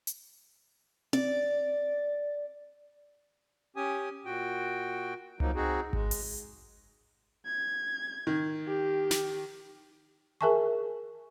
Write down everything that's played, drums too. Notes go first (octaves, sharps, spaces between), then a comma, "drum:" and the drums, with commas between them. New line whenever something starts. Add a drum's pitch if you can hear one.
drum: hi-hat
D5, drum: tom C4
C#4 G4 G#5 D#6
A#2 F#4 G5
F3 F#3 A#3 D#4, drum: tom C2
C4 D#4 F#4 G#4
G#3, drum: kick G#1
drum: open hi-hat
G#6
D#3
G4
drum: snare
G#4 A#4 E5 G#5 A5 C#6